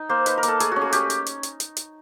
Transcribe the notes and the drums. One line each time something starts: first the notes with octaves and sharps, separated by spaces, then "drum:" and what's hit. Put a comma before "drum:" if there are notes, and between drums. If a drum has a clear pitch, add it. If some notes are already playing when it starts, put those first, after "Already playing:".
Already playing: D#4
A#3 C5
D#4 B4, drum: hi-hat
A#4
A#3, drum: hi-hat
A4
A3 G#4, drum: hi-hat
C#4 F#4
G#4
C#4 G4, drum: hi-hat
drum: hi-hat
drum: hi-hat
drum: hi-hat
drum: hi-hat
drum: hi-hat